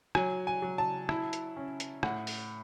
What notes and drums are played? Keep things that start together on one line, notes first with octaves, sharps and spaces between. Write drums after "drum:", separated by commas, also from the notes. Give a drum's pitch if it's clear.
F#3 G#5, drum: rim click
G#5
F#3
A5
E4, drum: rim click
drum: hi-hat
C#4
drum: hi-hat
A2 F#5, drum: rim click
drum: open hi-hat